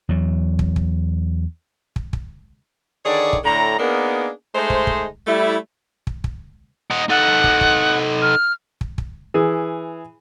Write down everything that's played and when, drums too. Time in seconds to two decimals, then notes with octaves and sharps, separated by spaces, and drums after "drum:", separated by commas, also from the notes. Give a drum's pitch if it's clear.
0.09 E2 F#3
0.59 drum: kick
0.76 drum: kick
1.96 drum: kick
2.13 drum: kick
3.05 D3 D#3 G#4 C#5 D5
3.33 drum: kick
3.44 A2 D3 A#5
3.79 A#3 B3 D4 D#4 G#4 A#4
4.55 G#3 A3 D#4 C5
4.70 drum: kick
4.87 drum: kick
5.27 G3 A3 E4
6.07 drum: kick
6.24 drum: kick
6.91 D#4 F#5
7.10 D#4 A4 F#5
7.44 drum: kick
7.61 drum: kick
8.22 F6
8.81 drum: kick
8.98 drum: kick
9.34 E3 G#4